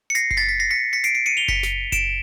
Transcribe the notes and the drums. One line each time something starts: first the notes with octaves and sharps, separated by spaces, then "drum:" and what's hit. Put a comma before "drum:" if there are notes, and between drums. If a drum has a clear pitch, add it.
C#7
A#6 C7, drum: hi-hat
C7, drum: kick F#1
A6 B6
B6
A#6 C7
B6 C#7
B6 C#7
C7 D7, drum: hi-hat
C7 D7
C#7 D#7
F7 G7
B6 C#7, drum: kick F#1
drum: snare
D7 E7, drum: kick F#1, hi-hat